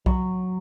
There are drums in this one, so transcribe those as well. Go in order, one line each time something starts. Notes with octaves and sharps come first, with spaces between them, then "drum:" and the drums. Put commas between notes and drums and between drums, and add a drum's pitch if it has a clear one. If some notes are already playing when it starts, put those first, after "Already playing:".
F#3, drum: kick B1